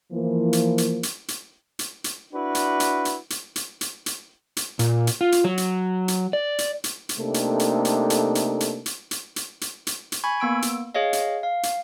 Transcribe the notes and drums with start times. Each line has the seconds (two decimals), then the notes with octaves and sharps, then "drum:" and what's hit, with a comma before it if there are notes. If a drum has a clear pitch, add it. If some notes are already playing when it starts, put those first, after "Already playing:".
0.12 E3 F3 A#3
0.53 drum: hi-hat
0.78 drum: hi-hat
1.03 drum: hi-hat
1.28 drum: hi-hat
1.79 drum: hi-hat
2.04 drum: hi-hat
2.34 D4 E4 F#4 B4
2.55 drum: hi-hat
2.80 drum: hi-hat
3.05 drum: hi-hat
3.30 drum: hi-hat
3.56 drum: hi-hat
3.81 drum: hi-hat
4.06 drum: hi-hat
4.57 drum: hi-hat
4.79 A#2, drum: hi-hat
5.07 drum: hi-hat
5.21 F4
5.32 drum: hi-hat
5.44 F#3
5.58 drum: hi-hat
6.08 drum: hi-hat
6.33 D5
6.58 drum: hi-hat
6.84 drum: hi-hat
7.09 drum: hi-hat
7.18 C3 A3 A#3 D4 D#4 A4
7.34 drum: hi-hat
7.59 drum: hi-hat
7.85 drum: hi-hat
8.10 drum: hi-hat
8.35 drum: hi-hat
8.60 drum: hi-hat
8.86 drum: hi-hat
9.11 drum: hi-hat
9.36 drum: hi-hat
9.61 drum: hi-hat
9.87 drum: hi-hat
10.12 drum: hi-hat
10.24 G#5 B5 C#6 G#6
10.40 A#3 B3 E6 D7
10.62 drum: hi-hat
10.94 G#4 C#5 D#5 F5
11.13 drum: hi-hat
11.43 F5
11.63 drum: hi-hat